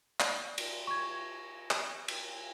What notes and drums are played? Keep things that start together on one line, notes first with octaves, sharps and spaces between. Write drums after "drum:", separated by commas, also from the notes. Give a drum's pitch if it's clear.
D5, drum: clap
drum: cymbal
C#6 G#6
drum: clap
drum: cymbal